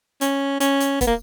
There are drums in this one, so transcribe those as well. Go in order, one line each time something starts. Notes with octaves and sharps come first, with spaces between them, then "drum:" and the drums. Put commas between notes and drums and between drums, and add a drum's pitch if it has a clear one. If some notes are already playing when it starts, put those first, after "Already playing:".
C#4, drum: hi-hat
C#4, drum: hi-hat
drum: hi-hat
B3, drum: kick, hi-hat
A#3